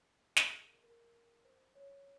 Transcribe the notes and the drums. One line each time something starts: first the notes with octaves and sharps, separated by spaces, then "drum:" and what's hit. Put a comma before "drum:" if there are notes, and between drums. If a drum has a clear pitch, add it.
G#4, drum: snare
G#4
A#4
A#4
C5
C#5